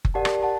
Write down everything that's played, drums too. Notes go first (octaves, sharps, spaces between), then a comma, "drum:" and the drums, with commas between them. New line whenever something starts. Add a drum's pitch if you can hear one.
drum: kick F#1
G4 A#4 D5 F#5 A5
drum: rim click
F#5 A5